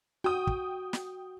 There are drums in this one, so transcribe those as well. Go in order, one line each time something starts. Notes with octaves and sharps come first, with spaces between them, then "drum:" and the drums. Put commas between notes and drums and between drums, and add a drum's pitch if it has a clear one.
F#4 G5 D#6
drum: kick
drum: snare